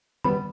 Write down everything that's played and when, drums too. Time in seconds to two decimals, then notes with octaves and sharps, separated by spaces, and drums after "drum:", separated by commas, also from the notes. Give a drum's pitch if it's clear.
0.24 G3 B3 B5, drum: tom D#3